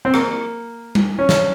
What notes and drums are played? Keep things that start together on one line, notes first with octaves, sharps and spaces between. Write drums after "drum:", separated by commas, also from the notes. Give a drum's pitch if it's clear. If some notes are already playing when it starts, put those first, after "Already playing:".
C4
A#3, drum: rim click
drum: tom G3
C#4
drum: snare